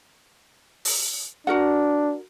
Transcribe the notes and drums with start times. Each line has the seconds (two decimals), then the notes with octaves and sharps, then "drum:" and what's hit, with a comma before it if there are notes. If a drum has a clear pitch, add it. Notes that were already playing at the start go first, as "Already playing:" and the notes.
0.85 drum: open hi-hat
1.47 D4 F#4 A#4 F#5